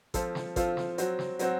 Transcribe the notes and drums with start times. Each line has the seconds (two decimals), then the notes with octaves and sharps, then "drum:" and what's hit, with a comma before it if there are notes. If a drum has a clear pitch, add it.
0.14 F3 C4 F4 A4, drum: kick G#1, hi-hat
0.35 drum: snare
0.56 F3 C4 F4 A4, drum: kick G#1, hi-hat
0.77 drum: snare
0.98 F#3 C4 F#4, drum: hi-hat
1.19 drum: snare
1.39 F#3 C4 F#4, drum: hi-hat